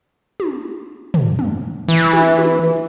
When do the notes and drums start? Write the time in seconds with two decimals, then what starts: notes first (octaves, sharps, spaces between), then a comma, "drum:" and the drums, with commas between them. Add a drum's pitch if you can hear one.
0.40 drum: tom
1.14 drum: tom
1.39 drum: tom
1.88 E3
2.13 drum: tom
2.38 drum: tom